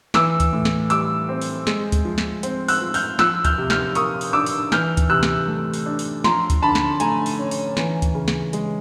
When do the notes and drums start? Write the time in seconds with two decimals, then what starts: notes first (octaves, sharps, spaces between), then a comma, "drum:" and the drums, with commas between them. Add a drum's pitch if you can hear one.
0.14 E3 D6 E6, drum: snare
0.40 drum: kick D2, hi-hat
0.53 A2
0.65 drum: snare
0.90 G3 D6 E6, drum: hi-hat
1.29 C4
1.42 drum: open hi-hat
1.67 G#3, drum: snare
1.92 drum: kick D2, hi-hat
2.05 F3
2.18 drum: snare
2.43 C4, drum: hi-hat
2.68 E6 F#6, drum: open hi-hat
2.82 F3
2.94 F6 G6, drum: open hi-hat
3.19 F3 E6 F#6, drum: snare
3.45 F6 G6, drum: kick D2, hi-hat
3.58 C3
3.70 F6 G6, drum: snare
3.95 A#3 C#6 D#6, drum: hi-hat
4.21 drum: open hi-hat
4.33 D4 D6 E6
4.46 drum: open hi-hat
4.72 E3 F6 G6, drum: snare
4.97 drum: kick D2, hi-hat
5.10 C3 E6 F#6
5.23 drum: snare
5.48 A3
5.74 drum: open hi-hat
5.86 D4
5.99 drum: open hi-hat
6.24 F3 A#5 C6, drum: snare
6.50 drum: kick D2, hi-hat
6.62 D3 A5 B5
6.75 drum: snare
7.00 A3 G#5 A#5, drum: hi-hat
7.26 drum: open hi-hat
7.39 C#4
7.51 drum: open hi-hat
7.77 E3, drum: snare
8.02 drum: kick D2, hi-hat
8.15 C#3
8.28 drum: snare
8.53 G#3, drum: hi-hat